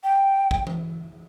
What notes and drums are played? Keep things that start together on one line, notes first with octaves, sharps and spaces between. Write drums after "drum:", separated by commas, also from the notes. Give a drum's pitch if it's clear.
G5
drum: kick
drum: tom E3